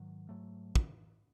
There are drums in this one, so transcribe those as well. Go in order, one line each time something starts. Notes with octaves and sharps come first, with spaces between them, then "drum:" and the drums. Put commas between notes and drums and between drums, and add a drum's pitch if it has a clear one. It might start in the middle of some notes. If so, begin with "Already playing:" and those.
Already playing: G#2 D#3 F#3
G#2 F#3 A3
drum: kick